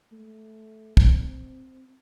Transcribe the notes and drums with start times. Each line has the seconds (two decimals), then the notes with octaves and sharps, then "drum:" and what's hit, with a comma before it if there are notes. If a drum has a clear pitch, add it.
0.12 A3
0.97 C4, drum: kick